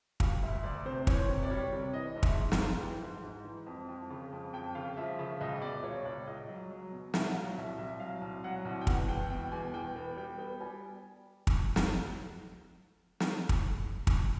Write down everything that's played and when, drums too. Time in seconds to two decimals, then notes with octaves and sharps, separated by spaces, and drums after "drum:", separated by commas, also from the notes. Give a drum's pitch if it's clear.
0.20 G3 F5, drum: kick
0.42 D2 E5
0.63 D2 D5
0.85 C3 C5
1.07 E3 C#5, drum: kick
1.29 C3
1.43 D5
1.50 G3 C#5
1.73 C3
1.93 E3 D#5
2.16 G#2
2.23 E5, drum: kick
2.37 G#2
2.52 F5, drum: snare
2.59 G#2
2.80 E3 G5
3.02 G#2
3.24 G#2
3.45 E3
3.66 F2
3.89 F2
4.10 C#3
4.32 F2
4.53 F2 G5
4.75 C#3 F5
4.97 F3 E5
5.19 C#3 E5
5.41 C#2 D#5
5.62 B2 D5
5.83 C#2 C#5
6.05 C#2 D5
6.27 C#2 D#5
6.49 F#3
6.70 F#3
6.92 B2
7.14 C2 E5, drum: snare
7.27 F#5
7.35 F#3 F5
7.57 C2 E5
7.78 C2 E5
8.00 F#3 F5
8.21 C2
8.44 F#3 F#5
8.65 C2
8.81 G5
8.87 E2 F#5, drum: kick
9.08 E2 G5
9.30 B2 G5
9.52 E2 G#5
9.74 E2 G5
9.96 B3 G5
10.16 G3 G5
10.38 B3 G5
10.60 G3 G#5
11.47 drum: kick
11.76 drum: snare
13.20 drum: snare
13.49 drum: kick
14.07 drum: kick